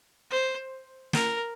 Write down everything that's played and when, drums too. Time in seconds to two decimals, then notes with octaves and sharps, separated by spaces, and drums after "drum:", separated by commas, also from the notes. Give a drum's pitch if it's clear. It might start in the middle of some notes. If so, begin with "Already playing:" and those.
0.31 C5
1.13 A#4, drum: snare